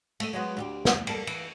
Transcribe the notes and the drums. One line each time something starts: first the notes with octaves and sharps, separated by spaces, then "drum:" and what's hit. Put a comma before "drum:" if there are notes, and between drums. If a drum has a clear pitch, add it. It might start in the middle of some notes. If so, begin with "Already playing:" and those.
A3 D#5, drum: cymbal
F#3 G#3 B3
D2 F4 G4
drum: snare
G3 A#3 A4, drum: cymbal
E3, drum: cymbal